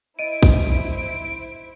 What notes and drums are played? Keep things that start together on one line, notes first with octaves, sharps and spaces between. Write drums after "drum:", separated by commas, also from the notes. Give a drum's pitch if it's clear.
E4 C5 D#5 D7 D#7
drum: kick A1